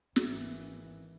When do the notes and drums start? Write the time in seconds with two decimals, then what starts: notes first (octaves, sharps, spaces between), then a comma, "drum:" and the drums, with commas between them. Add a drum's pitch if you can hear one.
0.16 G#1 E3, drum: snare